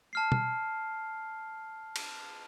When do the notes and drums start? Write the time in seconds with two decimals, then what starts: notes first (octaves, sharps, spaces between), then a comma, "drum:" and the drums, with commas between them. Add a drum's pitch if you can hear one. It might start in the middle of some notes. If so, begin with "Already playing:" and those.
0.13 A5 F6 C7
0.32 drum: tom
1.96 drum: cymbal